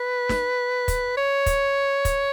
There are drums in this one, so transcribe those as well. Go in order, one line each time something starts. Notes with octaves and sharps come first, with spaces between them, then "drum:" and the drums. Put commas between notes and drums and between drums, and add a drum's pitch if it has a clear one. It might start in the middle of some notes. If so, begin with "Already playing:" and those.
Already playing: B4
drum: snare
drum: kick, hi-hat
C#5
drum: kick, hi-hat
drum: kick, hi-hat